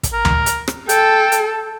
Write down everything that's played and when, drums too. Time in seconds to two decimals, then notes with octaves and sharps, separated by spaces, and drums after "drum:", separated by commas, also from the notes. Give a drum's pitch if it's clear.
0.03 drum: kick, hi-hat
0.13 A#4
0.25 drum: tom D2
0.46 drum: hi-hat
0.68 drum: rim click
0.89 A4 G5, drum: hi-hat
1.32 drum: hi-hat